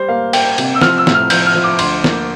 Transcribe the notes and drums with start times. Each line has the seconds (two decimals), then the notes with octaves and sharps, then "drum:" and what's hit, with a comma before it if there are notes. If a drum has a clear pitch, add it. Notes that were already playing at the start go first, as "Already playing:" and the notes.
Already playing: G3 C5
0.08 A#3 F5
0.33 A#3 G5, drum: cymbal
0.58 C3, drum: cymbal
0.75 E6
0.81 F3 F6, drum: snare
0.98 E6
1.07 A2, drum: snare
1.14 F6
1.30 F3 G6, drum: cymbal
1.46 F6
1.54 F3
1.64 D6
1.79 D2 C6, drum: cymbal
2.04 A#3, drum: snare